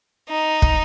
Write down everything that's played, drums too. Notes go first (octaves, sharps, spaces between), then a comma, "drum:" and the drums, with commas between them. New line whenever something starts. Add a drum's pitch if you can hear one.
D#4
drum: kick